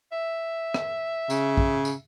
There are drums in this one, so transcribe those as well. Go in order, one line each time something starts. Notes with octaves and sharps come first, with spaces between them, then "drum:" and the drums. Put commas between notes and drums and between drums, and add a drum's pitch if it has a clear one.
E5
drum: rim click
C#3, drum: tambourine
drum: kick
drum: tambourine